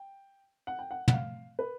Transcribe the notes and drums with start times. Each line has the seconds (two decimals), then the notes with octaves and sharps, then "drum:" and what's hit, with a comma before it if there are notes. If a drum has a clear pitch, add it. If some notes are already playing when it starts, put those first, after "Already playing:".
Already playing: G5
0.67 F#5
0.79 G5
0.91 F#5
1.08 F#5, drum: tom
1.12 F5
1.59 B4